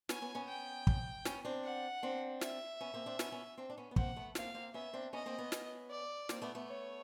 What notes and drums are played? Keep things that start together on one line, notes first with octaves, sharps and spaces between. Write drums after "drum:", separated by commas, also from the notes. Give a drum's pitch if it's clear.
B3 C#4 G#5, drum: snare
B3 C#4
B3 C#4
G5
drum: kick
B3 C#4, drum: snare
C4 D4
F#5
C4 D4
E5, drum: snare
B3 C#4
A#3 C4
C4 D4
B3 C#4, drum: snare
B3 C#4
C4 D4
D4
B3 C#4
B3
A#3 C4 F#5, drum: kick
A3 B3
A#3 C4 F5, drum: snare
A#3 C4
B3 C#4 E5
C4 D4
B3 C#4 D#5
A#3 C4
B3 C#4
drum: snare
D5
A#3 C4, drum: snare
A3 B3
A3 B3
C#5